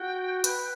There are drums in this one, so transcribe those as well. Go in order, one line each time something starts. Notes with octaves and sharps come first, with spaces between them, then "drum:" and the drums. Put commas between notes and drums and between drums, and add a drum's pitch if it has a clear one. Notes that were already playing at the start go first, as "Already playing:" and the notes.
Already playing: F#4 G5
B4, drum: hi-hat